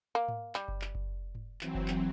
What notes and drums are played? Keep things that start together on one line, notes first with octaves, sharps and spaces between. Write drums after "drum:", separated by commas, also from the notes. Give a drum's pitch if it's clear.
A#3
drum: tom G#2
G3, drum: clap
drum: kick F#1
drum: clap
drum: kick F#1
drum: tom G#2
E3 F#3 C4, drum: clap
drum: kick F#1
drum: clap